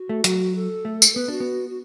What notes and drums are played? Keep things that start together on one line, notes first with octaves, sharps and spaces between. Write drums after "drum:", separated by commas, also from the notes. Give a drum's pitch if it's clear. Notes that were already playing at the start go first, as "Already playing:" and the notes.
Already playing: F#4
A3
F#3, drum: hi-hat
A4
A3
drum: tambourine
B3 B4
D4 F#4
B3
F#4